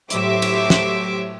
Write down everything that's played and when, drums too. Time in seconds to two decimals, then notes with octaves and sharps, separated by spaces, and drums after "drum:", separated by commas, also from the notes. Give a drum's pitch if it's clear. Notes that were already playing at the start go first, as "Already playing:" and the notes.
0.10 A2 F#3 G4 C5 E5 D6, drum: hi-hat
0.42 drum: cymbal
0.70 drum: snare